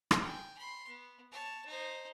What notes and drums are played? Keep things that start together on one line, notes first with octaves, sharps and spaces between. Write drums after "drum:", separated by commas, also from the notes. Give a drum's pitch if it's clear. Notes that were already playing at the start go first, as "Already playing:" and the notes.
drum: rim click
G5 G#5
B5 C6
B3
C#5 A5
D#4 C5